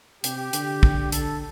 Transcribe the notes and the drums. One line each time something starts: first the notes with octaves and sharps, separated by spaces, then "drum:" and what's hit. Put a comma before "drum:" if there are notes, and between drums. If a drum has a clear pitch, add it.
C3 G4, drum: hi-hat
D3, drum: hi-hat
drum: kick
A4, drum: hi-hat